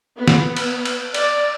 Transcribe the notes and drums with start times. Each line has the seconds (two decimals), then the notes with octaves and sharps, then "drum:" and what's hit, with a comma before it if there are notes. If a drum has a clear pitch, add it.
0.17 B3
0.28 drum: snare
0.56 drum: cymbal
0.85 drum: cymbal
1.14 D5, drum: cymbal